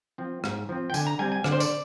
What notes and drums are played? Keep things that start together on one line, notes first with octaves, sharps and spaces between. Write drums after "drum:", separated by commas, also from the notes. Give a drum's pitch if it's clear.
F3 C4
G#2, drum: rim click
F3 C4
G5
D3 G#5, drum: tambourine
A#5
G3 C4 G#5
G#5
D3 D5, drum: rim click
C5
D5, drum: tambourine